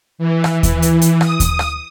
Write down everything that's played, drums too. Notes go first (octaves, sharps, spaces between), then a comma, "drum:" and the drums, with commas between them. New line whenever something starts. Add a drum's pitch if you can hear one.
E3
drum: rim click
drum: kick D#2, hi-hat
drum: hi-hat
drum: hi-hat
D#6, drum: rim click
drum: kick D#2, hi-hat
drum: rim click